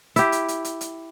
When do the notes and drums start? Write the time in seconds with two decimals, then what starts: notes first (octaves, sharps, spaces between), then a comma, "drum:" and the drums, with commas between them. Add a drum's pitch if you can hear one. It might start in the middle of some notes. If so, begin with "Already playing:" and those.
0.16 E4 G4, drum: hi-hat
0.32 drum: hi-hat
0.48 drum: hi-hat
0.65 drum: hi-hat
0.81 drum: hi-hat